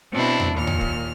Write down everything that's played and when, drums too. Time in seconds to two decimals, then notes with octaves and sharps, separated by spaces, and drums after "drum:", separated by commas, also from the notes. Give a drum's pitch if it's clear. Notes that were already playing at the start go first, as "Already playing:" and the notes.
0.13 B2 C4 D4 E4
0.40 drum: tom E2
0.53 D#2 A#2 F6
0.67 drum: tom E2
0.81 drum: kick